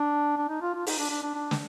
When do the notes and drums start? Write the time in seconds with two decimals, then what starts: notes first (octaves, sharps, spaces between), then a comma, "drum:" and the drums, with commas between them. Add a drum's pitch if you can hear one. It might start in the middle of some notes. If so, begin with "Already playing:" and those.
Already playing: D4
0.37 D4
0.49 D#4
0.62 F4
0.74 F4
0.87 D#4, drum: open hi-hat
0.99 D4
1.10 D4
1.23 D4
1.35 D4
1.51 drum: snare